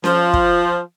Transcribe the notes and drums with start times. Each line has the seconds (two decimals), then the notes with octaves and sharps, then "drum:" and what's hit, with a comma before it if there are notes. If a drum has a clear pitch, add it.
0.04 F3, drum: snare C#4
0.34 drum: kick